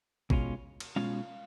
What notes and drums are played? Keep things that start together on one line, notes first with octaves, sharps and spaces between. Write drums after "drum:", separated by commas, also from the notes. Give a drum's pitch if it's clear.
B2 G#3 C#4 F4, drum: kick A#1
drum: cymbal
B2 G#3 C#4 F4 F5